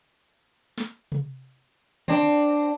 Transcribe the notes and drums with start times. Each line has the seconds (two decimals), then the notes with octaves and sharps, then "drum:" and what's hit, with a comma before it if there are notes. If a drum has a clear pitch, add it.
0.78 drum: snare
1.12 drum: tom C3
2.08 C4 D4, drum: tom D3